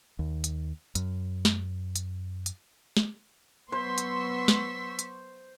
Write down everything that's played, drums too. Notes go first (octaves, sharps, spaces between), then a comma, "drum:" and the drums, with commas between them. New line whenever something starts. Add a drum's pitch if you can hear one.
D#2
drum: hi-hat
F#2, drum: hi-hat
drum: snare
drum: hi-hat
drum: hi-hat
drum: snare
F#3 B3 C5 C6 C#6 E6 B6
drum: hi-hat
drum: snare
drum: hi-hat